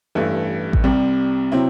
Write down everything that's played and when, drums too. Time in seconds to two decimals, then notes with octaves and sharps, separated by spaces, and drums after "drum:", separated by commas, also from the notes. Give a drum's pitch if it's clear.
0.15 A1 G2 E3 A3 E4
0.73 drum: kick A1
0.84 C2 C3 G3
1.52 C3 F#3 C4 E4